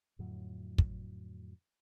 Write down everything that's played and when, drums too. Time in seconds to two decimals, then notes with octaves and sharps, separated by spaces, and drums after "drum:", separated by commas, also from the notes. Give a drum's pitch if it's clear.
0.19 F2 A2 D3 F#3
0.78 drum: kick